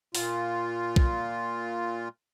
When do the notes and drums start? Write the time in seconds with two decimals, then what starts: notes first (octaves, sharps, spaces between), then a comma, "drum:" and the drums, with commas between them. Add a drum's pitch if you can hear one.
0.15 A#2 F4, drum: open hi-hat
0.96 drum: kick